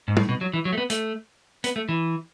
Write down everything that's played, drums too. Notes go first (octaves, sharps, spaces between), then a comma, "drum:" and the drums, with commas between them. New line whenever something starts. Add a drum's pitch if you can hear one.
G#2
A2, drum: tom G3
B2
F#3
E3
F#3
A3
B3
A3, drum: hi-hat
B3, drum: hi-hat
A3
E3